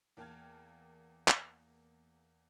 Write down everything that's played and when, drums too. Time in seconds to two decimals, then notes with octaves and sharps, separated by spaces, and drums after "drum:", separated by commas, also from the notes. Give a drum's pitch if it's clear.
0.17 E2 A#3 G5 A5 F6 G#6
1.28 drum: clap